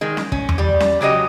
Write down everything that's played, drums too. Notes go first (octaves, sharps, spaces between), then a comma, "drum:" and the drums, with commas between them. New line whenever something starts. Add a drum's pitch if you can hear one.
D#3 G#3
drum: snare C#4
C#4, drum: kick
drum: tom E2
G3 G4
drum: snare C#4
C#3 F#3 G4 D#5